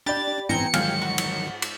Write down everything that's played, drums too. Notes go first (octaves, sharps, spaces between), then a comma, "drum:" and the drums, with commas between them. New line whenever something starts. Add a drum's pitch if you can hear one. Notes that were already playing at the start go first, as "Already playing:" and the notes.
D4 G4 D5 B5 A6
G#2 E3 B3 C4 G5 G#5 A#5 C#7
G#2 D#3 F3 F#3 G#4 F5 G5, drum: cymbal
F#4
drum: cymbal
drum: cymbal